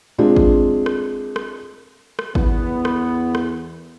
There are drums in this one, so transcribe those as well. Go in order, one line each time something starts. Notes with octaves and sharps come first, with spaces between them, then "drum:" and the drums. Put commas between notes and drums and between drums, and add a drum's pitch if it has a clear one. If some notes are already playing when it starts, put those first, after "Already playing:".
G#3 C4 D4 F4
drum: kick G#1
drum: rim click
drum: rim click
drum: rim click
E2 B3, drum: kick G#1
drum: rim click
drum: rim click